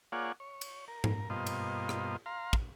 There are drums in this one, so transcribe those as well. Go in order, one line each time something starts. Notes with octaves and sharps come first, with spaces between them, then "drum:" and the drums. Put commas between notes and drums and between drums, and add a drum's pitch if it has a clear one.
A#3 F4 G#4 C#5 D5 F#5
C#5
drum: cymbal
A#4
drum: tom G#2
G2 B2 A#3 F4 C5 D#5
drum: cymbal
drum: rim click
F5 A#5 C6
drum: kick